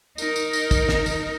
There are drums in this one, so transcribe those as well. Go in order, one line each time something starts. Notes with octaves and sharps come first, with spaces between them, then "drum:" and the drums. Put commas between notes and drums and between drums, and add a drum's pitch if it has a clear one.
D#4 A#4, drum: tambourine
drum: tambourine
drum: tambourine
drum: kick, tambourine
drum: snare
drum: tambourine